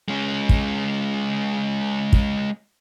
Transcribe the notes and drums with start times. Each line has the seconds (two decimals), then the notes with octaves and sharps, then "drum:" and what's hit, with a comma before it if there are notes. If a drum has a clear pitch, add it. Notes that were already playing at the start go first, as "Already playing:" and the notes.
0.08 G#3 C#4
0.49 drum: kick
2.13 drum: kick